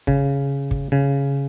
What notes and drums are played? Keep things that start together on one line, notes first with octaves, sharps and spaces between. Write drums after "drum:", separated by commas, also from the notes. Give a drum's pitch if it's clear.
C#3, drum: kick
drum: kick
C#3